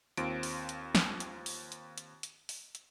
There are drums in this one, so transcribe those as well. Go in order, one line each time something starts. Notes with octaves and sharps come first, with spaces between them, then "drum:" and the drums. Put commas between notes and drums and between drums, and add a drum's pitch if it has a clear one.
D#2 C4 F4 D7, drum: hi-hat
drum: open hi-hat
drum: hi-hat
drum: snare
drum: hi-hat
drum: open hi-hat
drum: hi-hat
drum: hi-hat
drum: hi-hat
drum: open hi-hat
drum: hi-hat